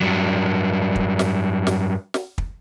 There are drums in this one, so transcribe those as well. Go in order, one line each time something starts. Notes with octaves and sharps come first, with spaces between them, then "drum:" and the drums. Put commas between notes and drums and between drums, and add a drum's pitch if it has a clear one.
G2 F#3
drum: kick
drum: snare
drum: snare
drum: snare
drum: kick